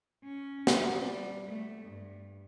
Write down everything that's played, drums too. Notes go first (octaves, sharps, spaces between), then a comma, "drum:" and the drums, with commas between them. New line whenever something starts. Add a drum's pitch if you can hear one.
C#4
drum: snare
G3
A3
G2